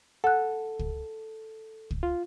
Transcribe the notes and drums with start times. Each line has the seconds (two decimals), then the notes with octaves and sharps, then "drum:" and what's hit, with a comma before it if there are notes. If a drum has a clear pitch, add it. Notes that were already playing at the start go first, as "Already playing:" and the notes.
0.24 A4 F#5 F#6
0.79 drum: kick
1.91 drum: kick
2.03 F4